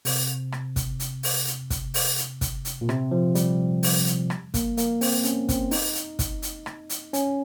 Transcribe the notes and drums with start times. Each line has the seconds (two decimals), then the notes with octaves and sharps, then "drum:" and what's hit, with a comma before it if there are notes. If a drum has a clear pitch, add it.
0.05 C3, drum: open hi-hat
0.52 drum: rim click
0.76 drum: kick, hi-hat
1.00 drum: hi-hat
1.23 drum: open hi-hat
1.47 drum: hi-hat
1.70 drum: kick, hi-hat
1.94 drum: open hi-hat
2.18 drum: hi-hat
2.41 drum: kick, hi-hat
2.65 drum: hi-hat
2.81 A#2
2.89 C3, drum: rim click
3.11 F3
3.35 G3, drum: hi-hat
3.83 drum: open hi-hat
4.06 drum: hi-hat
4.30 drum: rim click
4.54 A#3, drum: kick, hi-hat
4.77 A#3, drum: hi-hat
5.01 C4, drum: open hi-hat
5.24 C#4, drum: hi-hat
5.49 C4, drum: kick, hi-hat
5.71 D#4, drum: open hi-hat
5.95 drum: hi-hat
6.19 drum: kick, hi-hat
6.42 drum: hi-hat
6.66 drum: rim click
6.90 drum: hi-hat
7.13 C#4, drum: hi-hat